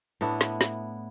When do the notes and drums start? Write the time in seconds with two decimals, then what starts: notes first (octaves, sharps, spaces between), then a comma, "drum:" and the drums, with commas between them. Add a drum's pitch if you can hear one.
0.21 A2 B3 D4 E4
0.41 drum: snare
0.61 drum: snare